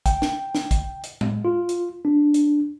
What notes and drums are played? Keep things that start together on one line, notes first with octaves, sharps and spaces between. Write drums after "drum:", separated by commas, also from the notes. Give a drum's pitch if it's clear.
G5, drum: kick, hi-hat
drum: snare
drum: snare
drum: kick, hi-hat
drum: hi-hat
G#3, drum: tom A2
F4
drum: hi-hat
D4
drum: hi-hat